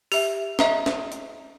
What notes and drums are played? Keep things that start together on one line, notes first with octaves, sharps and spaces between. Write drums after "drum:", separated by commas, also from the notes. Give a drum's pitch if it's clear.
G4 E5, drum: open hi-hat
D#5 E5 A#5, drum: snare
drum: snare
drum: hi-hat